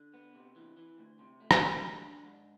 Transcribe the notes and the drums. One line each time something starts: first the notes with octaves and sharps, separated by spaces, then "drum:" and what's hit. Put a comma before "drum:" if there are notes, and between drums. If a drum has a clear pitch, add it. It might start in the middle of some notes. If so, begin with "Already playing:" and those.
Already playing: D3
B3
C3
E3
E3
D2
C3
A3
drum: rim click
D2
D3
D4
G#2